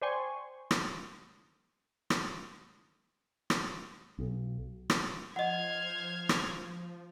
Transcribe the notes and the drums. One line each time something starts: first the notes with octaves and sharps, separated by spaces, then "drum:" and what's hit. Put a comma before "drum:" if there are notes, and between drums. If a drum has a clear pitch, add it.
C5 D5 G5 G#5 C6 C#6
drum: rim click
drum: rim click
drum: rim click
B1
drum: rim click
F3 C5 D#5 F#5 F6 G#6
drum: rim click